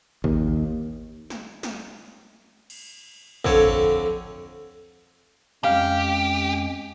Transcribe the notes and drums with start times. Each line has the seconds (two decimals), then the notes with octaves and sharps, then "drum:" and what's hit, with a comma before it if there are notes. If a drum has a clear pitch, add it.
0.24 D#2, drum: kick
1.30 drum: snare
1.63 drum: snare
2.70 drum: cymbal
3.45 F2 D3 C#5, drum: kick
3.64 drum: tom
5.64 F2 G#3 C#4 G4 F5, drum: tom